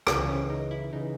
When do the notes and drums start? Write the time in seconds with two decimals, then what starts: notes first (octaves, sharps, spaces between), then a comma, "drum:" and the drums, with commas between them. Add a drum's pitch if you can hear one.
0.07 C#2 C#3 E3 C4, drum: rim click
0.28 C#4
0.49 D#4
0.71 E4
0.93 C#3 E3 D#4